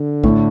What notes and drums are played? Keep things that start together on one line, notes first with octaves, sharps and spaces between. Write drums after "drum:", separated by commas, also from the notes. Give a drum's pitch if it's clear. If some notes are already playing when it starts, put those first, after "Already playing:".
Already playing: D3
A2, drum: kick A#1